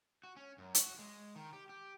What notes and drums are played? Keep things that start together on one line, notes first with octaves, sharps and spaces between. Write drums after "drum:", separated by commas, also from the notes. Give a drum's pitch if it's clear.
F#4
C#4
F#2
F#4, drum: hi-hat
G#3
D#3
G4
G4